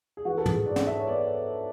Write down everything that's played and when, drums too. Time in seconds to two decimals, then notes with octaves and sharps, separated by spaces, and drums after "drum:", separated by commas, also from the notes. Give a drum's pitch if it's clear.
0.17 G#4
0.25 E3 F#4
0.38 A4
0.46 G#4, drum: tom
0.66 G#2 D5
0.76 drum: snare
0.87 E5
0.98 C#5
1.07 B3 D5